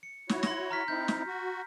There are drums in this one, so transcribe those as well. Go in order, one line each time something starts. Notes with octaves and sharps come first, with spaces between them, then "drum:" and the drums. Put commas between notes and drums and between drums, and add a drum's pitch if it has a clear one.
C#7
E4 F#4 C#5, drum: snare
C6 A#6, drum: snare
A#5 F6 B6
C4 D#4 E4 G6
drum: snare
F#4